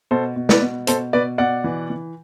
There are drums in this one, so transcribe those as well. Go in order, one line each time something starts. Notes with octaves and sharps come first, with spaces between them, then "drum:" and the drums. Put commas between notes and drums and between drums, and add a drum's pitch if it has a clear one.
B2 A4 C5
B2
B4 D5, drum: snare
B2
B2 A4 C5, drum: hi-hat
B2 B4 D5
B2 D5 F#5
E3
E3